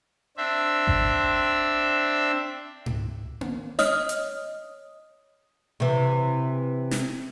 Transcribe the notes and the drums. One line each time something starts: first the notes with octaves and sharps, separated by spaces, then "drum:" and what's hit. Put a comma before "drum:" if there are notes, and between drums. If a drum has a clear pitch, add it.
C4 D4 E5
drum: kick G#1
drum: tom G#2
drum: tom A#3
C#5 D#5 D#6 F6, drum: snare
drum: hi-hat
C3 E3
drum: snare